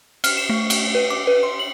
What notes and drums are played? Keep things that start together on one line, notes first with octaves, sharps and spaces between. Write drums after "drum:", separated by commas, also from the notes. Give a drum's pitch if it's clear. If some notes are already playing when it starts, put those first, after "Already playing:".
F6, drum: cymbal
E7
A3
drum: cymbal
B4
D6
B4
C6
F#7